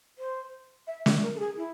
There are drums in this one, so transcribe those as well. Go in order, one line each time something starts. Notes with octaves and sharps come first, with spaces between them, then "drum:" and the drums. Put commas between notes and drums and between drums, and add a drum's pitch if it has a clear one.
C5
E5
E5, drum: snare
A#4
A4
G#4
E4